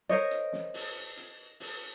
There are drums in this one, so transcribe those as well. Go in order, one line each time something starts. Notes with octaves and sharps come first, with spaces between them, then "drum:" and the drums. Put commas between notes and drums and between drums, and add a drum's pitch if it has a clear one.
A#4 C5 C#5 D#5
drum: hi-hat
drum: snare
drum: open hi-hat
drum: hi-hat
drum: open hi-hat